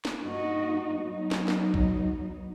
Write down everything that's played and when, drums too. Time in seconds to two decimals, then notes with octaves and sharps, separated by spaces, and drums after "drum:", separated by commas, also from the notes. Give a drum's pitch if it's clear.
0.05 drum: snare
0.24 G2 A#3 D#4 F#4 D#5
0.98 F#3 B3 D#4
1.31 drum: snare
1.48 drum: snare
1.74 drum: kick A#1